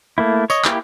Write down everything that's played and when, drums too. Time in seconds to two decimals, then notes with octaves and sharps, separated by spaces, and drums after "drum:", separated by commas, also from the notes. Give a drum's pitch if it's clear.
0.18 A3 A#3 E4
0.50 C#5 D#5, drum: tambourine
0.65 A#3 E4 G4, drum: clap